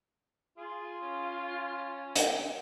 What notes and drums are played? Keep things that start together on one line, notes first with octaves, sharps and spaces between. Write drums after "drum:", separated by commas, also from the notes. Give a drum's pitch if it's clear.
F4 G#4
C#4
G5, drum: hi-hat